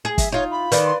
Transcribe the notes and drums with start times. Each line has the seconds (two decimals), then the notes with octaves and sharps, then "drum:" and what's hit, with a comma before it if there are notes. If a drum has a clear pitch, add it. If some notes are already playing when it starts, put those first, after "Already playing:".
0.05 G#4
0.18 E5, drum: kick, hi-hat
0.32 D#4 F4 C#5
0.51 B5
0.72 D#3 B4 D5, drum: hi-hat
0.85 C6